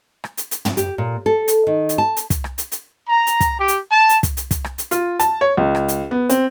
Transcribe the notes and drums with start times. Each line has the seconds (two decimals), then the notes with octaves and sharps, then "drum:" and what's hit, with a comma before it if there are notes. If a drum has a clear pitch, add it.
0.24 drum: rim click
0.37 drum: hi-hat
0.51 drum: hi-hat
0.65 drum: tom
0.77 G4, drum: hi-hat
0.98 A#2
1.26 A4
1.48 drum: hi-hat
1.67 D#3
1.89 drum: hi-hat
1.98 A5
2.17 drum: hi-hat
2.30 drum: kick, hi-hat
2.44 drum: rim click
2.58 drum: hi-hat
2.72 drum: hi-hat
3.08 A#5
3.27 drum: hi-hat
3.40 drum: kick, hi-hat
3.58 G4
3.68 drum: hi-hat
3.91 A5
4.09 drum: hi-hat
4.23 drum: kick, hi-hat
4.37 drum: hi-hat
4.51 drum: kick, hi-hat
4.64 drum: rim click
4.78 drum: hi-hat
4.91 F4, drum: hi-hat
5.20 A5, drum: hi-hat
5.41 C#5
5.57 C#2
5.75 drum: rim click
5.88 drum: hi-hat
6.11 B3
6.29 C4, drum: hi-hat